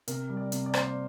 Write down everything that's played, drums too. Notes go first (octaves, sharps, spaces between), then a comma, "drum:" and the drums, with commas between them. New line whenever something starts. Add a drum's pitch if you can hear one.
C3 A#4, drum: hi-hat
G3
D5
C3, drum: hi-hat
D5
A#3 C5, drum: rim click
D5